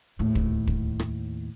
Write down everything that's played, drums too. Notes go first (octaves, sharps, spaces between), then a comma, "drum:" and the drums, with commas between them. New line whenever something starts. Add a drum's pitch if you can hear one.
D#2 A2
drum: kick
drum: kick
drum: rim click